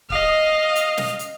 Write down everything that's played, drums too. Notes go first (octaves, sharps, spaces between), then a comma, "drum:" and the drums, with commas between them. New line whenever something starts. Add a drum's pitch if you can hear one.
D#5 F5, drum: kick C#1
drum: hi-hat
drum: snare
drum: hi-hat